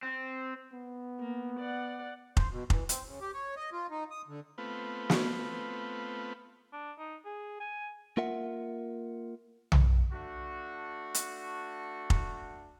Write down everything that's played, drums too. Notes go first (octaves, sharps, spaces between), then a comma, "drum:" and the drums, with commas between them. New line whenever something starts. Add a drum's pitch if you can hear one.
C4
B3
A#3
D5 F#5
C5, drum: kick F1
B2
E3, drum: kick F1
C4, drum: hi-hat
C#3
G4
C#5
D#5
F4
D#4
D#6
D3
A3 B3 C4 F4 B4
drum: snare
D4
D#4
G#4
G#5
A#3 F4 A#4 E5 F#5
drum: tom B1
A3 D4 F#4
drum: hi-hat
drum: kick F1